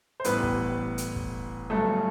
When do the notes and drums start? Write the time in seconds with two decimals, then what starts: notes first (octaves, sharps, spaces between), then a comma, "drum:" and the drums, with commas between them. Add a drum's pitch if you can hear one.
0.20 C5
0.24 A1 A2 G3 B3 B4, drum: hi-hat
0.43 drum: kick
0.98 drum: hi-hat
1.16 drum: kick
1.70 G1 G2 F#3 A3 A4